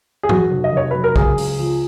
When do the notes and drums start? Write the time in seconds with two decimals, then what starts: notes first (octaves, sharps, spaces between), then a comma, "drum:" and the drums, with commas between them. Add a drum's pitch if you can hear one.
0.23 G#4
0.29 F#3 F#4, drum: tom
0.51 F1
0.64 D#5
0.72 F1 C#5
0.91 F#3 B4
1.04 A#4
1.16 C#2 G#4, drum: kick
1.38 C#2, drum: open hi-hat
1.59 F3